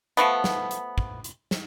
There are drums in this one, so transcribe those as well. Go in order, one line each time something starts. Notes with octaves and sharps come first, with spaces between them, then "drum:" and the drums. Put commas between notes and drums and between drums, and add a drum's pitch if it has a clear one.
F3 A3 B3, drum: hi-hat
drum: snare
drum: hi-hat
drum: kick
drum: hi-hat
drum: snare